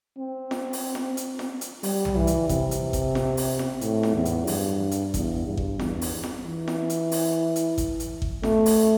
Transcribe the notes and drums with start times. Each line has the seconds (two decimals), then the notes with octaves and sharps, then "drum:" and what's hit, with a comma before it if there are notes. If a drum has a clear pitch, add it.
0.18 C4
0.51 drum: snare F4
0.73 drum: open hi-hat
0.95 drum: snare F4
1.17 drum: hi-hat
1.39 drum: snare F4
1.61 drum: hi-hat
1.83 G3, drum: open hi-hat
2.05 drum: tom B1
2.16 E3
2.27 drum: hi-hat
2.49 C3, drum: kick G#1, hi-hat
2.71 drum: hi-hat
2.93 drum: kick G#1, hi-hat
3.15 drum: snare F4
3.37 drum: open hi-hat
3.59 drum: snare F4
3.81 A2, drum: hi-hat
4.03 drum: snare F4
4.14 E2
4.25 drum: hi-hat
4.47 G2, drum: open hi-hat
4.91 drum: hi-hat
5.14 E2, drum: kick G#1, hi-hat
5.47 G2
5.57 drum: kick G#1
5.79 E2, drum: snare F4
6.01 drum: open hi-hat
6.24 drum: snare F4
6.46 E3
6.68 drum: snare F4
6.90 drum: hi-hat
7.12 drum: open hi-hat
7.56 drum: hi-hat
7.78 drum: kick G#1, hi-hat
8.00 drum: hi-hat
8.22 drum: kick G#1
8.43 A3, drum: snare F4
8.66 drum: open hi-hat